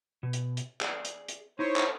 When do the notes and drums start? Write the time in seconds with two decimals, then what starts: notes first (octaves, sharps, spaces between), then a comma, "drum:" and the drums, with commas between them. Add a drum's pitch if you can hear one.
0.23 B2
0.33 drum: hi-hat
0.57 drum: hi-hat
0.81 G#4 D5, drum: clap
1.05 drum: hi-hat
1.29 drum: hi-hat
1.59 D#4 E4 C5 C#5
1.76 drum: clap